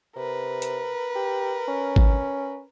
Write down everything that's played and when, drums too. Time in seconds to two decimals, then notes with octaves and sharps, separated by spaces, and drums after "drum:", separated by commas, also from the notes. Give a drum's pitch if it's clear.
0.16 C3 A#4 B4
0.62 drum: hi-hat
1.15 G4
1.68 C#4
1.96 drum: kick